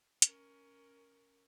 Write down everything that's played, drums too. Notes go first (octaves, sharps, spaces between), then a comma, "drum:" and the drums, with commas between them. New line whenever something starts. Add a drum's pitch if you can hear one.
C#4 A#4, drum: hi-hat